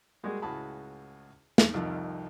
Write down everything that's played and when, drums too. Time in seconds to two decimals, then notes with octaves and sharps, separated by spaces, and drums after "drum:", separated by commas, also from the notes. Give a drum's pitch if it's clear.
0.23 G3 G#3 A#3 F#4 G#4
0.42 C#2 A2 F#4 G#4 A5 B5
1.58 drum: snare
1.74 C2 F2 D#3 F3 D#4